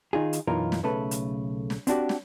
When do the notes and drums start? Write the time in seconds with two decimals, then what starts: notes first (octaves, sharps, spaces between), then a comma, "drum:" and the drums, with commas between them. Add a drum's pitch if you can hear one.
0.13 D#3 D#4 F4 G#4
0.33 drum: hi-hat
0.47 B1 F#2 E3 D#4 F4 A#4
0.72 drum: snare
0.83 B1 C#3 A3 A4 B4
1.11 drum: hi-hat
1.70 drum: snare
1.87 C4 D4 F#4 G4, drum: hi-hat
2.09 drum: snare